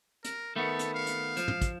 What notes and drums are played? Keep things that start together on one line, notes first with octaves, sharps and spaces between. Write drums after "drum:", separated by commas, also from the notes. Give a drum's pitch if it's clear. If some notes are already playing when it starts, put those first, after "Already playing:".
A#4, drum: hi-hat
D#3 A3 B3 A4
drum: hi-hat
F5
drum: hi-hat
F3, drum: hi-hat
drum: tom
drum: kick, hi-hat